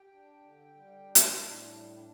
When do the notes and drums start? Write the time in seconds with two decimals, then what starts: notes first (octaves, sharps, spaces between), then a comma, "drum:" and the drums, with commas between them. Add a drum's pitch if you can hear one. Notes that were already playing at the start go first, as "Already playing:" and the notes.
Already playing: G4 G5
0.12 D4
0.43 D3
0.74 G3
1.05 D4
1.15 drum: hi-hat
1.36 A2
1.66 G3
1.97 D4